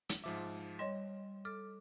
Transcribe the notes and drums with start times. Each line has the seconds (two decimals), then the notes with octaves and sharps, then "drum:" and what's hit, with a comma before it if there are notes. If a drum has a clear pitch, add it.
0.09 drum: hi-hat
0.24 G#2 F3 E5 D6
0.79 G3 C#5 D#5 C6 E7
1.45 A4 D6 F6